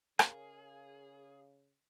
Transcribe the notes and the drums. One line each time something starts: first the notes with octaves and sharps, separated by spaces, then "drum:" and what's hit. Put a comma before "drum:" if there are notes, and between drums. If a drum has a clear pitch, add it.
C#3 G#4 A#4 C#5 D#5 F5, drum: rim click